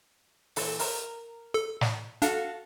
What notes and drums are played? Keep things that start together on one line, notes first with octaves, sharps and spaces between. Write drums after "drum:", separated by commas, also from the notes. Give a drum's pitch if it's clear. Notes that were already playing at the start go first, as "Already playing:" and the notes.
A#2 E3 A4, drum: open hi-hat
A#4, drum: open hi-hat
A4
drum: snare
D4 F#4 A4 F5, drum: hi-hat